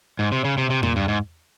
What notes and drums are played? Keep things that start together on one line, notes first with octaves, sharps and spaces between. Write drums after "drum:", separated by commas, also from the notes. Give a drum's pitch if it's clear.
G#2
C3
C#3
C3
C3
A#2, drum: tom E2
G2
G#2